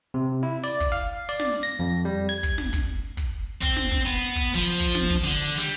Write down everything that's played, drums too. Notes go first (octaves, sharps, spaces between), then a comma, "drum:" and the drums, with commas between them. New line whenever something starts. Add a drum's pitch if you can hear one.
C3
E4
D5
drum: kick
F5
D5
drum: snare
A#6
F2
G3
G#6
drum: kick
drum: snare
drum: kick
drum: kick
C4, drum: kick
drum: snare
drum: kick
B3
drum: kick
F3
drum: kick
drum: snare
drum: kick
D3
G3